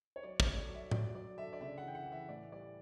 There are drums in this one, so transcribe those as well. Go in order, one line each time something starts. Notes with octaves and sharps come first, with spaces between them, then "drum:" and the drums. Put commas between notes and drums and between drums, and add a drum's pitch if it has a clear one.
C#5
F#3 D5
C#5, drum: kick
A3
D5
F#3
E5
F#3 D5, drum: tom A2
F#3 D5
D3 E5
D5
C#3 E5
F#5
E3 G5
F#5
E3
E5
A2 D5
G3 D5